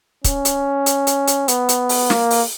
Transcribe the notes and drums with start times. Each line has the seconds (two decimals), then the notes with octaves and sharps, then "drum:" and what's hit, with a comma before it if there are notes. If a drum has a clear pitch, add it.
0.24 C#4, drum: kick, hi-hat
0.45 drum: hi-hat
0.86 drum: hi-hat
1.07 drum: hi-hat
1.27 drum: hi-hat
1.48 B3, drum: hi-hat
1.69 drum: hi-hat
1.89 drum: open hi-hat
2.10 A#3, drum: snare
2.30 drum: open hi-hat